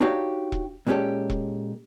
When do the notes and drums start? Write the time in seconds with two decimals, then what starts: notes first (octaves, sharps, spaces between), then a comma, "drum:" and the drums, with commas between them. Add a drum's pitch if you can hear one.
0.01 D4 D#4 F#4 G4 C#5 F5
0.52 drum: kick E1
0.87 A#2 G#3 B3 C#4 G4 A4
1.30 drum: kick E1